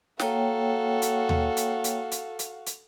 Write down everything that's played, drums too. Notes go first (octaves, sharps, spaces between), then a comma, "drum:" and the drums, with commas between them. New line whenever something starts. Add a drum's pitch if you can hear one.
A#3 F#4 A4 C#5 F5 G5, drum: snare
drum: hi-hat
drum: tom D#2
drum: hi-hat
drum: hi-hat
drum: hi-hat
drum: hi-hat
drum: hi-hat